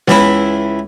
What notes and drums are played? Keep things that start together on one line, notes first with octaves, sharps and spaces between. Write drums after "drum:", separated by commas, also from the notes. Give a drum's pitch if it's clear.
C#2 E3 E4, drum: snare B3